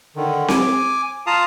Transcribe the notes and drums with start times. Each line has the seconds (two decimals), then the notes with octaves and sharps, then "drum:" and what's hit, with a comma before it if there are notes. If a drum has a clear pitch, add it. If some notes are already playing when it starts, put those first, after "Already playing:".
0.16 D3 D#3
0.48 G#5 D6, drum: snare C4
1.27 F4 F5 A5 A#5 D#6